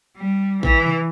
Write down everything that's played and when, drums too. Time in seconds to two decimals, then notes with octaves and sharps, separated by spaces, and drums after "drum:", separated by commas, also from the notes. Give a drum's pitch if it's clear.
0.17 G3
0.63 E3, drum: kick A1
0.86 drum: tom C3